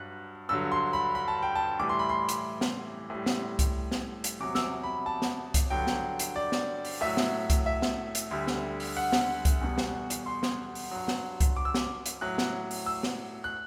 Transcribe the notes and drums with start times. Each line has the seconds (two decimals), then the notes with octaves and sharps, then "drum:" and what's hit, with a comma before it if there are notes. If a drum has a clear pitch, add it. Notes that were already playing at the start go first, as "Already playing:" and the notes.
Already playing: G2 F#3 F#6
0.49 G2 D3 F#3 E6
0.72 C6
0.93 B5
1.15 B5
1.28 A5
1.43 G5
1.55 A5
1.80 A2 E3 G3 D6
1.89 C6
1.99 B5
2.09 C6
2.29 drum: hi-hat
2.61 drum: snare
3.10 A2 G3
3.26 drum: snare
3.59 drum: kick C2, hi-hat
3.91 drum: snare
4.24 drum: hi-hat
4.40 E2 C3 F#3 D6
4.55 E6, drum: snare
4.62 D6
4.83 B5
5.06 A5
5.22 drum: snare
5.54 drum: kick C2, hi-hat
5.70 G2 D3 F#3 G5
5.87 drum: snare
6.19 drum: hi-hat
6.36 D5
6.52 drum: snare
6.85 drum: open hi-hat
7.01 A2 F#3 E5
7.17 drum: snare
7.50 drum: kick C2, hi-hat
7.66 E5
7.82 drum: snare
8.15 drum: hi-hat
8.31 D2 D3 G3
8.47 drum: snare
8.80 drum: open hi-hat
8.97 F#5
9.13 drum: snare
9.45 drum: kick C2, hi-hat
9.61 E2 B2 G3
9.78 drum: snare
10.10 drum: hi-hat
10.26 C6
10.43 drum: snare
10.75 drum: open hi-hat
10.91 G2 F#3
11.08 drum: snare
11.40 drum: kick C2, hi-hat
11.56 D6
11.65 E6
11.74 D6, drum: snare
12.06 drum: hi-hat
12.21 A2 F#3 F#6
12.38 drum: snare
12.71 drum: open hi-hat
12.86 E6
13.03 drum: snare
13.44 F#6